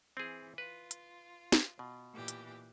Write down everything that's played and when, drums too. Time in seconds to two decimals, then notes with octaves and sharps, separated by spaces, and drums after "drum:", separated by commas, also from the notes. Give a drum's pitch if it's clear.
0.17 E3 C4 G#4
0.58 F4 B4
0.91 drum: hi-hat
1.52 drum: snare
1.79 B2
2.14 A#2 E3 G4
2.28 drum: hi-hat